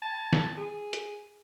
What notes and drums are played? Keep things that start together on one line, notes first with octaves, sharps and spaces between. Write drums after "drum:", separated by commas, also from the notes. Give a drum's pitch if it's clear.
A5
drum: snare
G#4
drum: hi-hat